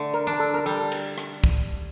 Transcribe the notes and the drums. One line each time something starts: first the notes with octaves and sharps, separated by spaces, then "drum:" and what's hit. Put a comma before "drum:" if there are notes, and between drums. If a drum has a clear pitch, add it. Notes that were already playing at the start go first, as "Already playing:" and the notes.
Already playing: D3 A3
A#4
D4
A4
A#4
G3 A4
drum: cymbal
drum: rim click
drum: kick C2